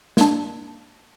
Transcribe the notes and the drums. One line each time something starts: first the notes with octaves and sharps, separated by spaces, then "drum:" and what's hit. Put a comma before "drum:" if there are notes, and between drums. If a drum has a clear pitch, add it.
A#3 D4, drum: snare